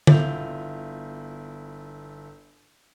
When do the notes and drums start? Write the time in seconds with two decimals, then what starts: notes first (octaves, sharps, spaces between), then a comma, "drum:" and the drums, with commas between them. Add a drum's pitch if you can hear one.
0.07 G1 E4 F4 G6 F7, drum: tom D3